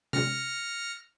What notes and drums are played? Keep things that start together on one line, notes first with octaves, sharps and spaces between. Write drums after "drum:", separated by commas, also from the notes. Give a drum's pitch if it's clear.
F6 A#6 C#7, drum: tom C3